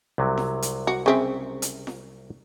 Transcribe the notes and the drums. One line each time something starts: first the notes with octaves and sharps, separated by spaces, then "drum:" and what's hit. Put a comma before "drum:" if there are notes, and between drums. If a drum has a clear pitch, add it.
C2 C3 F#3
drum: snare
drum: hi-hat
F#4
C#3 C4 E5
drum: hi-hat
drum: snare